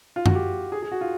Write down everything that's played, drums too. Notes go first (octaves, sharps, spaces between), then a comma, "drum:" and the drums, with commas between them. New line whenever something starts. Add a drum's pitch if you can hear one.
F4
F#4, drum: tom F#2
G4
G#4
G#4
F#4
F4